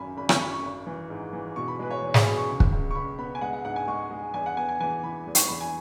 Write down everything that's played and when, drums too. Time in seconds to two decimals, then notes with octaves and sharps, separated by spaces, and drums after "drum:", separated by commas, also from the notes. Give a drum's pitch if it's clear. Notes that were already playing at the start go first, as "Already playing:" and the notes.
Already playing: G#1 F#2 G#5 B5
0.17 G#1 B5
0.29 C#6, drum: rim click
0.40 F#2 B5
0.52 C#6
0.63 G#1
0.87 E3
1.10 G#2
1.33 E3
1.56 B2 C#6
1.68 B5
1.79 G#3 B4
1.91 C#5
2.02 E2
2.14 G#4, drum: snare
2.26 B2 B5
2.37 C#6
2.49 C#2
2.60 drum: kick
2.72 C#2
2.91 C#6
2.95 C#2 B5
3.19 B3 B5
3.35 G#5
3.41 G#3 F#5
3.53 F#5
3.65 G#2 F#5
3.76 G#5
3.88 G#3 C#6
4.11 G#3
4.34 E2 G#5
4.46 F#5
4.57 B3 G#5
4.69 G#5
4.80 E3 G#5
5.03 E3 B5
5.27 E2
5.35 C#6, drum: hi-hat
5.48 E2 B5
5.61 G#5